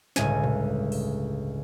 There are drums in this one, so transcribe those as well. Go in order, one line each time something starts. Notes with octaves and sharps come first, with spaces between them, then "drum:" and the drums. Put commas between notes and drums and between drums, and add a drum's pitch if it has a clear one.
G1 C#2 A2 G#3 G#5, drum: snare
drum: tom A#2
drum: open hi-hat